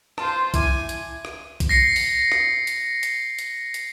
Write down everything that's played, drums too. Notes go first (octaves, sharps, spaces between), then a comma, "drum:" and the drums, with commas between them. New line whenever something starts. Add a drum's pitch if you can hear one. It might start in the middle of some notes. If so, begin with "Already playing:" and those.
F4 C5 A5 E7, drum: rim click
E4 G#5 D6, drum: kick B1, hi-hat
drum: hi-hat
drum: rim click
drum: kick B1, hi-hat
A#6 C7 C#7
drum: open hi-hat
drum: rim click
drum: hi-hat
drum: hi-hat
drum: hi-hat
drum: hi-hat